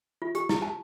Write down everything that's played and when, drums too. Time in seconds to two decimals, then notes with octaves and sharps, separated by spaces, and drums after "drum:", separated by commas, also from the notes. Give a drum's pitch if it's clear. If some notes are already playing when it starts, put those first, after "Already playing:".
0.22 F4
0.35 G4, drum: hi-hat
0.49 E4, drum: snare
0.62 A5